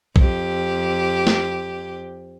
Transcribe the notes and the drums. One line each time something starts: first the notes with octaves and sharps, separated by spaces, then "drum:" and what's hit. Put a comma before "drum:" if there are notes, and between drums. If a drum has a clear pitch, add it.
F2 G4, drum: kick
drum: snare